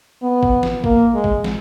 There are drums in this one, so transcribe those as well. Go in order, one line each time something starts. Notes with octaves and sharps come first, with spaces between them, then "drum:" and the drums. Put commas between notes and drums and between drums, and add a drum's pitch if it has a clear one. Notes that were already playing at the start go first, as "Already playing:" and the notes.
B3
drum: kick G#1
drum: snare
A#3, drum: kick G#1
G#3
drum: kick G#1
drum: snare